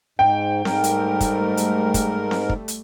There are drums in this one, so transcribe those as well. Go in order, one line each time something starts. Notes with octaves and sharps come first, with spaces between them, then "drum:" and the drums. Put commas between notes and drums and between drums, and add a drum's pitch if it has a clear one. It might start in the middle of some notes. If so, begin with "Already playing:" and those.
G#2 G5
G#2 G3 A3 A#4, drum: snare C4
drum: hi-hat
drum: kick, hi-hat
drum: hi-hat
drum: kick, hi-hat
drum: snare C4
drum: kick
drum: hi-hat